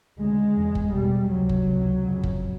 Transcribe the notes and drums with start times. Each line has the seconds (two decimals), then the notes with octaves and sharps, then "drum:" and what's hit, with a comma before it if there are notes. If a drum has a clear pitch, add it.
0.19 D2 C#3 G#3
0.56 E2 C#3
0.75 drum: kick F#1
0.94 E2 B2 G3
1.31 C#2 C3 F#3
1.49 drum: kick F#1
1.67 C#2 C3
2.05 F2 C#3
2.23 drum: kick F#1